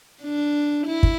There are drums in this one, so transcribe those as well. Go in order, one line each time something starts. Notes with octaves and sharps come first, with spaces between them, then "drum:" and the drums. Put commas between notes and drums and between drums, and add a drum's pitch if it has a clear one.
D4
E4
drum: kick